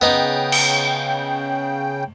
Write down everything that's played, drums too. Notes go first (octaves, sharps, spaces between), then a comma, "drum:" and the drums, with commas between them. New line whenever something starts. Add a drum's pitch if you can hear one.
C#3 B3 D#4 G5
drum: cymbal